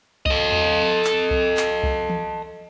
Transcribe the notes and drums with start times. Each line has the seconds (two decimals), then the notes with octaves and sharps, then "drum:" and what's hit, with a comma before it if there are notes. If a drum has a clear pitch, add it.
0.26 A4 D#5, drum: kick C2
0.52 drum: tom E2
1.05 drum: clap
1.31 drum: kick C2
1.57 drum: clap
1.83 drum: kick C2
2.09 drum: tom E3